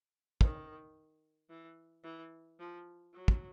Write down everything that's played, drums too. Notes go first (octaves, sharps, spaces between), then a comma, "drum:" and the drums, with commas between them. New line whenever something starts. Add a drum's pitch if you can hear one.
D#3, drum: kick
E3
E3
F3
F#3
drum: kick